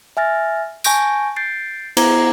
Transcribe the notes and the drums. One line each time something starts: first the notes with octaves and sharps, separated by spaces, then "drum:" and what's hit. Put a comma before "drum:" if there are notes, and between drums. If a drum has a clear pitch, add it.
E5 G#5 F6 A6 A#6
G#5 A5 C#6 G6 A#6 D7, drum: tambourine
G6 A6 C7 D7
B3 E4 C5 A#5 D6 G#6, drum: cymbal